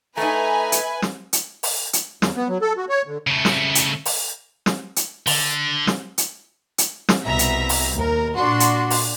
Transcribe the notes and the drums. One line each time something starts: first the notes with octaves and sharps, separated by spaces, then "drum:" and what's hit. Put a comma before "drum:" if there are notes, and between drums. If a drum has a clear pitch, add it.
A3 D#4 B4 E5 G#5 A#5
drum: hi-hat
drum: snare
drum: hi-hat
drum: open hi-hat
drum: hi-hat
E2, drum: snare
B3
F#3
A4
F#4
C#5
D3
C#3 A3
drum: snare
drum: hi-hat
drum: open hi-hat
drum: snare
drum: hi-hat
D3, drum: open hi-hat
drum: snare
drum: hi-hat
drum: hi-hat
drum: snare
C2 B2 E5 A#5 B6
drum: hi-hat
drum: open hi-hat
D#2 A#4
A#2 D4 F#4 C6
drum: hi-hat
drum: open hi-hat